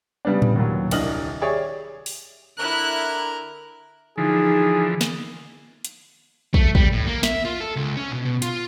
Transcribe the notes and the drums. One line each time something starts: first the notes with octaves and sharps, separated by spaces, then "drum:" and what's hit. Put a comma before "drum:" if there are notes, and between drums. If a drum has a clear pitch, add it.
C#3 G3 B3 D4
drum: tom A2
D#2 A#2 F#3
D#1 C2 D4 D#5 F6 F#7, drum: cymbal
G4 G#4 C#5 D5 E5
drum: open hi-hat
D3 E4 A#4 F#6
D3 E3 F3 D#4 G#4
drum: snare
drum: hi-hat
A3, drum: kick
G3, drum: kick
A2
A#3
E5, drum: snare
F4
A4
C#2
C#4
B2
B2
F4, drum: hi-hat